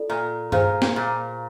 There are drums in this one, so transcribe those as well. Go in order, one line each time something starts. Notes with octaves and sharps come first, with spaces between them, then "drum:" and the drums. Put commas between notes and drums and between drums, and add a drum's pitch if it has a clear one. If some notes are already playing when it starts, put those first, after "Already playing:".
Already playing: F4 A4 D5
A#2
A#2 G#4 C5 F5, drum: tom G2
drum: snare
A#2